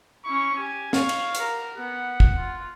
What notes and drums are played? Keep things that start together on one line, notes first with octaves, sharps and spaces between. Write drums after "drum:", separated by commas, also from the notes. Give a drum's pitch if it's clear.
C#4 E4 C#6
G4 G#5
C#5 F5, drum: snare
drum: cymbal
G4 A#4, drum: hi-hat
B3 F#5
drum: kick
F4